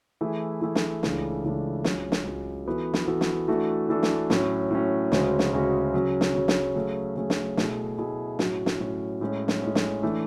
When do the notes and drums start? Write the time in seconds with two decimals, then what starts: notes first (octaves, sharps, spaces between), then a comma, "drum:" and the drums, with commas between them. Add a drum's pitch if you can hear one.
0.21 E3 A3 E4 G#4
0.62 E3 A3 E4 G#4
0.75 drum: snare
1.03 C#2 C#3 E3 A3 D4, drum: snare
1.44 C#2 C#3 E3 A3 D4
1.84 C#2 C#3 F#3 C#4, drum: snare
2.12 drum: snare
2.25 C#2 C#3 F#3 C#4
2.66 E3 B3 F#4 A4
2.94 drum: snare
3.07 E3 B3 F#4 A4
3.21 drum: snare
3.48 E3 A3 D4 F#4 A4
3.89 E3 A3 D4 F#4 A4
4.03 drum: snare
4.30 A2 F#3 C#4, drum: snare
4.71 A2 F#3 C#4
5.12 D2 C#3 G#3 C#4 F#4, drum: snare
5.39 drum: snare
5.53 D2 C#3 G#3 C#4 F#4
5.94 C#3 F#3 C#4
6.21 drum: snare
6.35 C#3 F#3 C#4
6.48 drum: snare
6.75 C#3 F#3 A3 C#4 G#4
7.16 C#3 F#3 A3 C#4 G#4
7.30 drum: snare
7.57 B2 A3 E4 G#4, drum: snare
7.98 B2 A3 E4 G#4
8.39 A2 F#3 C#4 F#4, drum: snare
8.66 drum: snare
8.80 A2 F#3 C#4 F#4
9.21 A2 G#3 C#4
9.48 drum: snare
9.62 A2 G#3 C#4
9.75 drum: snare
10.02 E3 A3 D4